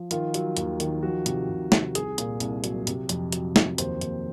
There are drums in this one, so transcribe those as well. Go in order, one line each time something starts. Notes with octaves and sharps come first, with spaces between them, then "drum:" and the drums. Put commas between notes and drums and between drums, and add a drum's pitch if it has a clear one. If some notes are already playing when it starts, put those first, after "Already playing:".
Already playing: F3
D#3 F4, drum: hi-hat
F#3, drum: hi-hat
D#2, drum: hi-hat
D#3, drum: hi-hat
F3 F#4
C3, drum: hi-hat
C3
C3, drum: snare
C2 G#4, drum: hi-hat
A#2, drum: hi-hat
C2, drum: hi-hat
F#3, drum: hi-hat
C3, drum: hi-hat
F2, drum: hi-hat
F#3, drum: hi-hat
F2, drum: snare
D#2 C5, drum: hi-hat
D#2, drum: hi-hat